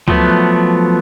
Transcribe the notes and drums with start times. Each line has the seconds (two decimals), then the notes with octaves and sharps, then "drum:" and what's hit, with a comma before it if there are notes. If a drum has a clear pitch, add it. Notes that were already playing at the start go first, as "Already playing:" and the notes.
0.08 F3 F#3 A3 B3, drum: kick C#2